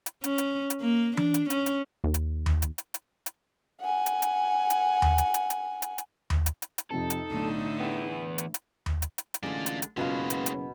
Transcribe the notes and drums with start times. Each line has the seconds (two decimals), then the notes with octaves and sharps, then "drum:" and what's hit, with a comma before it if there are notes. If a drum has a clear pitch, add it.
0.06 drum: hi-hat
0.24 C#4, drum: hi-hat
0.38 drum: hi-hat
0.70 drum: hi-hat
0.81 A#3
1.17 D4, drum: tom E3
1.34 drum: hi-hat
1.50 C#4, drum: hi-hat
1.66 drum: hi-hat
2.04 D#2
2.14 drum: hi-hat
2.46 drum: tom D#2
2.62 drum: hi-hat
2.78 drum: hi-hat
2.94 drum: hi-hat
3.26 drum: hi-hat
3.81 F#5 G#5
4.06 drum: hi-hat
4.22 drum: hi-hat
4.70 drum: hi-hat
5.02 drum: tom D#2
5.18 drum: hi-hat
5.34 drum: hi-hat
5.50 drum: hi-hat
5.82 drum: hi-hat
5.98 drum: hi-hat
6.30 drum: tom D#2
6.46 drum: hi-hat
6.62 drum: hi-hat
6.78 drum: hi-hat
6.91 F2 C3 C4 D#4 A4
7.10 drum: hi-hat
7.30 B1 A2 D3 A3
7.80 E3 B3 G5
8.38 drum: hi-hat
8.54 drum: hi-hat
8.86 drum: tom D#2
9.02 drum: hi-hat
9.18 drum: hi-hat
9.34 drum: hi-hat
9.43 A1 D3 G#3 F4 D5
9.66 drum: hi-hat
9.82 drum: hi-hat
9.97 F#1 B2 F#3 G#3 F4 B4 F5 B5
10.30 drum: hi-hat
10.46 drum: hi-hat